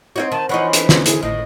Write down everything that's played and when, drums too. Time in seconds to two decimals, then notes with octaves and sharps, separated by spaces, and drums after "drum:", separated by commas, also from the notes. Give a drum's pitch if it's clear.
0.16 C4 D#4 F#4 C#5
0.32 D#3 A5
0.49 E3 F3 D#4 C#5 F#5 B5 C#6
0.73 D4 B4, drum: hi-hat
0.89 drum: snare
1.06 E4 G#4, drum: hi-hat
1.23 G#1 A2 D#5